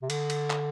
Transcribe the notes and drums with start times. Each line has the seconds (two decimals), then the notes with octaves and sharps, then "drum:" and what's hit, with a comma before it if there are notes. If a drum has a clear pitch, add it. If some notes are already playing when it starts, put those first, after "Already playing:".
0.02 C3
0.10 D3, drum: cymbal
0.30 drum: cymbal
0.50 drum: clap